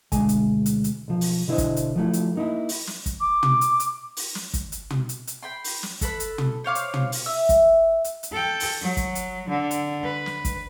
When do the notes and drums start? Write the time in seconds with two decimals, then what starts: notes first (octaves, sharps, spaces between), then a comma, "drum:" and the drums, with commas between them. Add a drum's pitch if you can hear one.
0.12 D2 B2 G#3 G#5, drum: kick, hi-hat
0.29 drum: hi-hat
0.66 drum: hi-hat
0.84 drum: hi-hat
1.08 B1 F3
1.21 drum: open hi-hat
1.48 B2 D3 E4 B4 C5 D#5
1.58 drum: kick, hi-hat
1.76 drum: hi-hat
1.96 F3 F#3 A3 E4
2.13 drum: hi-hat
2.35 A#3 D#4 E4
2.69 drum: open hi-hat
2.87 drum: snare
3.06 drum: kick, hi-hat
3.20 D6
3.43 drum: tom
3.61 drum: hi-hat
3.80 drum: hi-hat
4.17 drum: open hi-hat
4.35 drum: snare
4.54 drum: kick, hi-hat
4.72 drum: hi-hat
4.90 drum: tom
5.09 drum: hi-hat
5.27 drum: hi-hat
5.43 G5 B5 C6
5.64 drum: open hi-hat
5.83 drum: snare
6.01 A4 B4 B5, drum: kick, hi-hat
6.20 drum: hi-hat
6.38 drum: tom
6.64 C5 C#5 F5 D6
6.75 drum: hi-hat
6.94 drum: tom
7.12 drum: open hi-hat
7.26 E5 E6
7.49 drum: kick, hi-hat
8.04 drum: hi-hat
8.23 drum: hi-hat
8.32 A4 G5
8.60 drum: open hi-hat
8.81 F#3
8.97 drum: kick, hi-hat
9.15 drum: hi-hat
9.49 D3
9.71 drum: hi-hat
10.03 B4
10.26 drum: snare
10.45 drum: kick, hi-hat